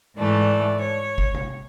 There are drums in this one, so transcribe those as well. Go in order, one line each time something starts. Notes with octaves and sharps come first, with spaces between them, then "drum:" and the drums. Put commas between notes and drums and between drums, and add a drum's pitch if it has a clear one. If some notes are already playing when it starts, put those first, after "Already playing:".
G#2 E3 A3 D5
C#5
drum: kick G1
drum: tom C3